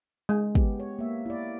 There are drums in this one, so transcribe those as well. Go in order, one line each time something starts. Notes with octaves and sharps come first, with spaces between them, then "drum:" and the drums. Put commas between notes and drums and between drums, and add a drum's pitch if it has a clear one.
G#3
B3 G4, drum: kick
C#5
A#3 E5
E4 D5